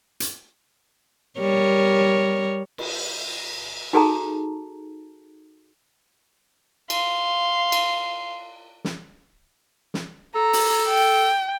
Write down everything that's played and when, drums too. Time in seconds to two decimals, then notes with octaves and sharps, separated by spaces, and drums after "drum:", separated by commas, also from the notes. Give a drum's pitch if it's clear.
0.20 drum: hi-hat
1.40 G3 A#4 C#5
2.78 drum: cymbal
3.93 D#4 F#4 G#4 A4 A5 A#5
6.90 F5 C6, drum: cymbal
7.72 drum: cymbal
8.84 drum: snare
9.94 drum: snare
10.35 A4 A#5
10.53 drum: open hi-hat
10.88 G5